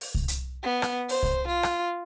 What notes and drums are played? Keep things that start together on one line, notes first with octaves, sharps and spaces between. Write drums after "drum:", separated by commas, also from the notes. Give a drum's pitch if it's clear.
drum: open hi-hat
drum: kick C2
drum: hi-hat
B3
drum: rim click
C5, drum: open hi-hat
drum: kick C2
F4
drum: rim click